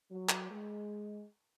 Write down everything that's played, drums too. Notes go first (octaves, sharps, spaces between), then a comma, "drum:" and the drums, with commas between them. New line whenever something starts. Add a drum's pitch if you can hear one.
F#3
drum: clap
G#3